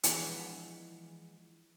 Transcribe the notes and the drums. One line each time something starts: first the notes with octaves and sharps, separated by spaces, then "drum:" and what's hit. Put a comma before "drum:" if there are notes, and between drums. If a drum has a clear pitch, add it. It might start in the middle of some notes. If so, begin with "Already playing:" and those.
E3 F3 G#3 B3 D4, drum: hi-hat